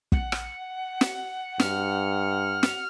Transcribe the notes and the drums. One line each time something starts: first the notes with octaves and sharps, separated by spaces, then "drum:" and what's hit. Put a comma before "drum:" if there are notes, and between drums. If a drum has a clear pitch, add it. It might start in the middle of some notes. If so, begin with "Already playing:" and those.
F#5, drum: kick
drum: rim click
drum: snare
G2 F6, drum: snare
drum: snare